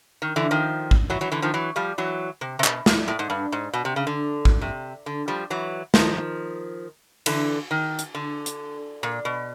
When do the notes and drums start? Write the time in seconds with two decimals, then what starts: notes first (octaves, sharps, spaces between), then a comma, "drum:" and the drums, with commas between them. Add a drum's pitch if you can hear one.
0.22 D#3
0.36 D3 E3
0.51 D#3 F3
0.91 drum: kick A1
1.10 E3 F#3
1.21 E3 F#3
1.32 D3 E3
1.42 D#3 F3
1.54 E3 F#3
1.76 F3 G3
1.98 E3 F#3
2.41 C3
2.59 C3
2.64 B2, drum: clap
2.86 A#2, drum: snare
3.08 A2
3.19 G#2
3.30 G2
3.52 G#2
3.73 B2
3.85 C3
3.96 C#3
4.07 D3
4.45 drum: kick A1
4.61 C3
5.06 D3
5.28 F3 G3
5.50 E3 F#3
5.94 D#3 F3, drum: snare
7.26 D3 E3, drum: cymbal
7.71 D#3
7.99 drum: hi-hat
8.15 D3
8.46 drum: hi-hat
9.03 A#2
9.25 B2